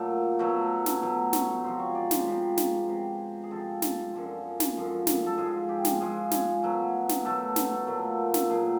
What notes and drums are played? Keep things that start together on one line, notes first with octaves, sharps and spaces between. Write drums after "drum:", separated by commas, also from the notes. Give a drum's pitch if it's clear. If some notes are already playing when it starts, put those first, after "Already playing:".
Already playing: A#2 F#3 A3 D5
B2 F#3 A3 C#5
drum: snare
B2 F#3 A3
drum: snare
C3 F3 G#3 C5
C#5
D5
C5, drum: snare
C3 F3 G#3 B4
drum: snare
C3 F3 G#3
G#4
C3 F3 G#3 A4
drum: snare
F#2 D3 F3 G#3
drum: snare
F#2 D3 F3 G#3
drum: snare
A4
G#2 F3 G#3 G#4
G4
drum: snare
G#2 F3 G#3 G#4
drum: snare
B2 F#3 A3
drum: snare
B2 F#3 A3 A4
drum: snare
A#2 F#3 A3
drum: snare
A#2 F#3 A3 G#4